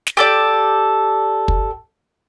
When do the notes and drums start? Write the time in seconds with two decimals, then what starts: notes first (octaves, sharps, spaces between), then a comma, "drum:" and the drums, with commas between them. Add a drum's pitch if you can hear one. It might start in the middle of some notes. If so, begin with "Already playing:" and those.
0.07 drum: snare
0.17 G4 A4 D5
1.48 drum: kick